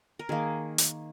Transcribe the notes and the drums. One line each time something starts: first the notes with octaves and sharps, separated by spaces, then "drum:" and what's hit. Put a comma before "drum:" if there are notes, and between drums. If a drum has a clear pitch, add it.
A#4
D#3 A#3 G#4
drum: hi-hat